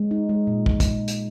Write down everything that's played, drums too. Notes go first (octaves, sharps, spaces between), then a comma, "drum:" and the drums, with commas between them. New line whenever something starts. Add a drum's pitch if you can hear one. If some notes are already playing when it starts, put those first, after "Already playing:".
Already playing: G#3
D#4
G#3
A#2
drum: kick
drum: kick, hi-hat
drum: hi-hat